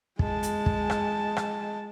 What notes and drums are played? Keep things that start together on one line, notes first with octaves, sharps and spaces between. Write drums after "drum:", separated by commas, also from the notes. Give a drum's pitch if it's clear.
G#3 A5, drum: kick
drum: hi-hat
drum: kick
drum: rim click
drum: rim click